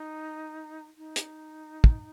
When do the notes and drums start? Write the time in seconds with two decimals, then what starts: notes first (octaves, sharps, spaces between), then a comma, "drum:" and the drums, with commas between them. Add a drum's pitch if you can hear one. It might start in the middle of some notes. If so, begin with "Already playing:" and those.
Already playing: D#4
0.97 D#4
1.16 drum: hi-hat
1.84 drum: kick